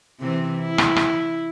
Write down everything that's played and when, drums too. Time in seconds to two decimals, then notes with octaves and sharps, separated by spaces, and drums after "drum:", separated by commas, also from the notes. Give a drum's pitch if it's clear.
0.20 C3 E3 C4
0.60 E4
0.78 drum: rim click
0.96 drum: rim click